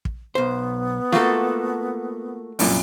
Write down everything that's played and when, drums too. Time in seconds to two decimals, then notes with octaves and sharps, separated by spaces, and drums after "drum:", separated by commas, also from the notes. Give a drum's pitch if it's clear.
0.05 drum: kick
0.35 B1 B3 C5
1.12 A3 A#3 F4 F#4 A4, drum: snare
2.59 C2 F#2 A#2, drum: open hi-hat